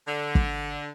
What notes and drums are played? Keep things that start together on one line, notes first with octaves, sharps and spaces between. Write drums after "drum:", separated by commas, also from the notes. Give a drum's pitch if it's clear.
D3
drum: kick